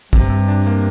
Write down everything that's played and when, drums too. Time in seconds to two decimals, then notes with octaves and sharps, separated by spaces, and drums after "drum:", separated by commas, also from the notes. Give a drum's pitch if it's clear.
0.13 G2 C3, drum: kick
0.30 C3
0.48 D4
0.66 A#3